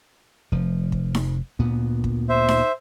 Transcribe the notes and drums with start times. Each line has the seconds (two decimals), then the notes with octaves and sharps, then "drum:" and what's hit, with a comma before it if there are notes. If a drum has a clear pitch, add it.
0.52 F1 F3
0.92 drum: kick
1.15 drum: snare D#4
1.59 D2 A#2 B3
2.04 drum: kick
2.29 C5 E5
2.49 drum: snare D#4